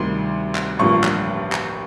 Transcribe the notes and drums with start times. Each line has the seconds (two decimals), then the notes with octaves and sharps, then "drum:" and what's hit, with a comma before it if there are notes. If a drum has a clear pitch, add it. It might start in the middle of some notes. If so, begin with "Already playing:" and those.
Already playing: D2 C3 D#3 G3 C6
0.55 drum: clap
0.79 A1 G2 D3 F3 A#3 C#6
1.04 drum: clap
1.52 drum: clap